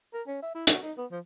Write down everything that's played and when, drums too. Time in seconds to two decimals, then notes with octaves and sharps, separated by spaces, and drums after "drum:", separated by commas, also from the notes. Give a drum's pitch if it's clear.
0.14 A#4
0.27 C#4
0.42 E5
0.55 E4
0.67 F#4, drum: hi-hat
0.82 D#4
0.97 B3
1.11 F3